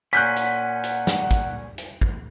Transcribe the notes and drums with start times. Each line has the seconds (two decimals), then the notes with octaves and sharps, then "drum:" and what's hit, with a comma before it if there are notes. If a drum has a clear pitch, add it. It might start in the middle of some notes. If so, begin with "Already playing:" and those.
0.13 A#2 C#4 F#5 F#6 G6 B6
0.36 drum: hi-hat
0.84 drum: hi-hat
1.07 drum: snare
1.31 drum: kick, hi-hat
1.78 drum: hi-hat
2.01 drum: kick